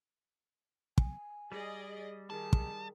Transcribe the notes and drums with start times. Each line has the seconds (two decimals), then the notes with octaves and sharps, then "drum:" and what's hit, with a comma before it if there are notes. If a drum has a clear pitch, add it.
0.98 G#5, drum: kick
1.52 G3 G#4 D5 D#5
2.30 D#3 G#4 A5
2.53 drum: kick